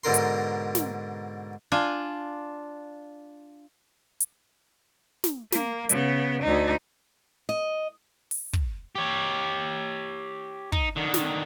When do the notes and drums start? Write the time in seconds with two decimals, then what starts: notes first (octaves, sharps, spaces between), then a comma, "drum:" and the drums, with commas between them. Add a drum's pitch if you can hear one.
0.04 G#2 B2 D3 A#4 C6
0.14 drum: hi-hat
0.75 drum: snare
1.72 D4 F4 G#5
4.20 drum: hi-hat
5.24 drum: snare
5.52 A#3, drum: snare
5.89 C#3 B3, drum: hi-hat
6.42 D2 D#4
7.49 D#5
8.31 drum: open hi-hat
8.53 drum: kick
8.95 G4 C#5
10.72 D#4, drum: kick
10.96 D3 D#3
11.14 drum: snare